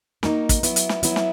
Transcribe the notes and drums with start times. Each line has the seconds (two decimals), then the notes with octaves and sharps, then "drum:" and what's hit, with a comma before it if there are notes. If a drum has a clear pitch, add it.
0.23 A#3 D#4 F#4 A#4, drum: snare
0.49 drum: kick, hi-hat
0.63 F#3 B3 E4, drum: hi-hat
0.76 drum: hi-hat
0.89 drum: snare
1.03 F#3 B3 E4, drum: hi-hat
1.16 drum: snare